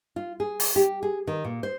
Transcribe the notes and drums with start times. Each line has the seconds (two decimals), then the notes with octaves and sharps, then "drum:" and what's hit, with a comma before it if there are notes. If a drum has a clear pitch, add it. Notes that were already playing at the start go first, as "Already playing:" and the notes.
0.16 F4
0.40 G#4
0.60 drum: open hi-hat
0.76 G4
1.03 G#4
1.27 D#3
1.44 A#2
1.63 C5